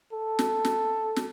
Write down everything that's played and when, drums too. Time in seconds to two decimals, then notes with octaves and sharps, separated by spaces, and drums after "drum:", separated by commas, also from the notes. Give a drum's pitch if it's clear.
0.13 A4
0.39 drum: snare
0.65 drum: snare
1.16 drum: snare